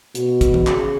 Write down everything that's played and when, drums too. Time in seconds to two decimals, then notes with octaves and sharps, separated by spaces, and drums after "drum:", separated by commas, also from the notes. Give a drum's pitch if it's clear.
0.15 B2, drum: hi-hat
0.41 drum: kick, hi-hat
0.54 drum: tom
0.67 C#3, drum: clap